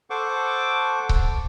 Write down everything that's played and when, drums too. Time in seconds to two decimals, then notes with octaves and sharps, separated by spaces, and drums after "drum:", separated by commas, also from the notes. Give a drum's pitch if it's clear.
0.10 A4 C5 F#5 C#6 D6
1.09 drum: kick C#1